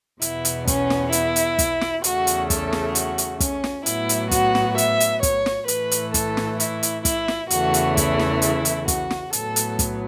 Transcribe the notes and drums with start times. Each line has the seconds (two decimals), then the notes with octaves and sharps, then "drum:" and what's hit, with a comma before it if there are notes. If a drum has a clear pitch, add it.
0.22 E2 B2 B3 E4, drum: hi-hat
0.45 drum: hi-hat
0.67 C#4, drum: kick, hi-hat
0.90 drum: snare
1.12 E4, drum: hi-hat
1.36 drum: hi-hat
1.59 drum: kick, hi-hat
1.81 drum: snare
2.04 E2 C#3 A3 F#4, drum: hi-hat
2.27 drum: hi-hat
2.50 A4, drum: kick, hi-hat
2.73 drum: snare
2.95 F#4, drum: hi-hat
3.18 drum: hi-hat
3.40 C#4, drum: kick, hi-hat
3.64 drum: snare
3.86 A2 F#3 B3 E4, drum: hi-hat
4.09 drum: hi-hat
4.31 F#4, drum: kick, hi-hat
4.55 drum: snare
4.78 E5, drum: hi-hat
5.00 drum: hi-hat
5.23 C#5, drum: kick, hi-hat
5.46 drum: snare
5.68 A2 E3 A3 B4, drum: hi-hat
5.91 drum: hi-hat
6.14 A4, drum: kick, hi-hat
6.37 drum: snare
6.60 E4, drum: hi-hat
6.83 drum: hi-hat
7.05 E4, drum: kick, hi-hat
7.28 drum: snare
7.50 E2 C#3 E3 A3 F#4, drum: hi-hat
7.74 drum: hi-hat
7.97 E4, drum: kick, hi-hat
8.19 drum: snare
8.42 E4, drum: hi-hat
8.65 drum: hi-hat
8.88 F#4, drum: kick, hi-hat
9.10 drum: snare
9.33 A2 F#3 B3 A4, drum: hi-hat
9.56 drum: hi-hat
9.79 drum: kick, hi-hat